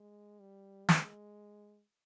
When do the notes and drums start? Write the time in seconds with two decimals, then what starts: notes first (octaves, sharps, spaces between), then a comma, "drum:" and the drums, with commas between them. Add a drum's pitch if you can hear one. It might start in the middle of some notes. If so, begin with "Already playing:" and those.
Already playing: G#3
0.40 G3
0.89 G#3, drum: snare